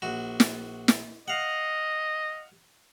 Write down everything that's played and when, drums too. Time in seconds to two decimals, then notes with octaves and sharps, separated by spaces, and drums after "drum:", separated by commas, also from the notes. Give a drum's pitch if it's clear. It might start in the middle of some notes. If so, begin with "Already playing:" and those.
0.02 A#1 F#4
0.40 drum: snare
0.88 drum: snare
1.28 D#5 F5 F#5